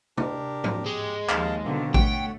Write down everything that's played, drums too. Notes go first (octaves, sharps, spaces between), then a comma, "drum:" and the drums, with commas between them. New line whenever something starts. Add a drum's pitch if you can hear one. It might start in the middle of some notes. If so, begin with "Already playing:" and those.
D4 G4 A#4, drum: tom C3
drum: tom
G#3 G4
D#2 F3 F5 A5, drum: clap
B2 D3 D#3 C4 F4 A#4
A3 C#5 F#5 G5, drum: kick A1